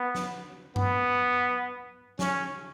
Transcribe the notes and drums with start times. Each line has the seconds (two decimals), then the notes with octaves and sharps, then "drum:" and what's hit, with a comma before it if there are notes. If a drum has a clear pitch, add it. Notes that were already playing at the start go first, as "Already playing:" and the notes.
Already playing: B3
0.15 drum: snare
0.76 B3, drum: tom G2
2.19 C#4, drum: snare